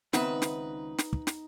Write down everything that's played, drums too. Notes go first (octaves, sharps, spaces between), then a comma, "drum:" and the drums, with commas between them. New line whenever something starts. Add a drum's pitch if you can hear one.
C#2 D#3 B3 C4 D#4 B4 E5, drum: snare
drum: snare
drum: snare
drum: kick
drum: snare